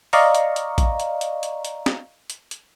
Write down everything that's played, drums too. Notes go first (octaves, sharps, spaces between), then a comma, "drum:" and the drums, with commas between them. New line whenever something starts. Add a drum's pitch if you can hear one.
D5 D#5 F5 A#5 C#6, drum: open hi-hat
drum: hi-hat
drum: hi-hat
drum: kick, hi-hat
drum: hi-hat
drum: hi-hat
drum: hi-hat
drum: hi-hat
drum: snare
drum: hi-hat
drum: hi-hat